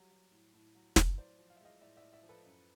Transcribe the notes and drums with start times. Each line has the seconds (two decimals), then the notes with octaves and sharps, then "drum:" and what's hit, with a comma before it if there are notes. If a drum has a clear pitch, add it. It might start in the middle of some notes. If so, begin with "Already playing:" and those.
Already playing: F#3 G3
0.11 F#3
0.32 A2
0.54 A2
0.75 F#3
0.96 F#3, drum: snare
1.17 A2 C5 D5
1.38 F3
1.50 F5
1.56 E5
1.60 G#3 D#5 F5
1.81 A2 D5 E5
1.97 D5 E5
2.02 A2
2.13 D5 E5
2.23 F3
2.29 A4 B4
2.45 F#2